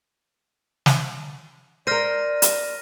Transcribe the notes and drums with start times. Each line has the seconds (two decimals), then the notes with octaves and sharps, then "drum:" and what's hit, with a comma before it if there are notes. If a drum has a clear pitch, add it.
0.86 drum: snare
1.87 A#4 C5 D5 F6 A#6 D#7
2.42 drum: hi-hat